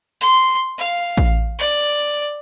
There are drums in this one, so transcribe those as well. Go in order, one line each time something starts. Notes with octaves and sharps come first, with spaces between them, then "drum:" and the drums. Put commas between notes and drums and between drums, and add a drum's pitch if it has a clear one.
C6, drum: open hi-hat
F5
drum: kick A1
D5